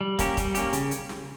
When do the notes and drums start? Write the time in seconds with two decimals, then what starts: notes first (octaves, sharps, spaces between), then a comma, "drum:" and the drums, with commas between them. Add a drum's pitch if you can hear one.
0.01 G3
0.19 A#3 C#4 G4, drum: kick, hi-hat
0.37 G3, drum: kick, hi-hat
0.55 A#3 C#4 G4, drum: hi-hat
0.73 C#3, drum: hi-hat
0.91 drum: hi-hat
1.09 drum: snare